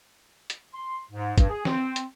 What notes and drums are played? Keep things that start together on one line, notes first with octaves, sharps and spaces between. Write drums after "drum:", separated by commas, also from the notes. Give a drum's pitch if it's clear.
drum: hi-hat
C6
G#2
G2, drum: kick, hi-hat
G#4
C4, drum: snare
drum: hi-hat